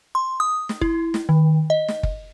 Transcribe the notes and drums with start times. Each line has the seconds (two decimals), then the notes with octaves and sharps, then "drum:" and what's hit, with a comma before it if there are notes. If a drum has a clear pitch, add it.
0.15 C6
0.40 D#6
0.69 drum: snare
0.81 E4, drum: kick
1.14 drum: snare
1.29 D#3
1.70 D#5
1.88 drum: snare
2.03 drum: kick